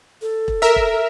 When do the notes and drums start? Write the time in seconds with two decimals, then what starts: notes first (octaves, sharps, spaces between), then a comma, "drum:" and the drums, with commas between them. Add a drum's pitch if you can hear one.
0.22 A4
0.48 drum: kick E1
0.62 A#4 E5
0.76 drum: kick E1